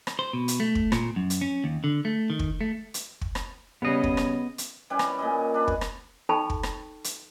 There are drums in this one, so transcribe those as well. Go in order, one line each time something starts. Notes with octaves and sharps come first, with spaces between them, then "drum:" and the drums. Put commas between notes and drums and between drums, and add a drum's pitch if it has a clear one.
drum: rim click
C5
B2
drum: hi-hat
A3
drum: kick
A#2, drum: rim click
F#2
drum: hi-hat
C#4
D#2
D3
A3
D#3
drum: kick
A3
drum: hi-hat
drum: kick
drum: rim click
C#3 G3 B3 C#4 D#5
drum: kick
drum: rim click
drum: hi-hat
G3 C#4 E4 B4
drum: rim click
A#2 G#4 D#5
D4 B4 B5
drum: kick
drum: rim click
D#4 A4 G5 A5 B5 C#6
drum: kick
drum: rim click
drum: hi-hat